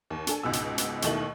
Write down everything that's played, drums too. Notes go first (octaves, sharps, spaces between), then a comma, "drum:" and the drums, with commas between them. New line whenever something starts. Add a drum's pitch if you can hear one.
D#2
D4 A4 G#5, drum: hi-hat
C#2 G#2 B2 E6
drum: hi-hat
drum: hi-hat
D#2 B2 D#3 A3 E4 F#7, drum: hi-hat